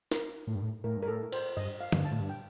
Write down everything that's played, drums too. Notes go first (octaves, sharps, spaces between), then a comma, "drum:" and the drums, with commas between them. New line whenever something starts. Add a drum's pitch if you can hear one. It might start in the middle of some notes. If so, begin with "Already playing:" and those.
A#4, drum: snare
A2
G2
A2
A2 A#4
G2
A#4
A2 A4
C5, drum: cymbal
G2 D#5
F5
G2, drum: tom D3
A5
A2
G2
G5